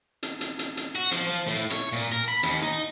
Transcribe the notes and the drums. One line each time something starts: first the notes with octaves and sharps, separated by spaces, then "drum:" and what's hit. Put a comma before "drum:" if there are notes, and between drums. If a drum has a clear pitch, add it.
drum: hi-hat
drum: hi-hat
drum: hi-hat
drum: hi-hat
F#4
F3, drum: hi-hat
F3
A2
C#5, drum: hi-hat
A#2
A#4
B5
D#2, drum: hi-hat
D#4